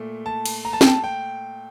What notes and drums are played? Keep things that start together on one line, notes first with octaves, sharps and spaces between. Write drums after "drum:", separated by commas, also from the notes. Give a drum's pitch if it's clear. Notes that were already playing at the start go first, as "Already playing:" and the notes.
Already playing: A#2 A3
A5
drum: cymbal
A#5
A5
G5, drum: snare
A5
G5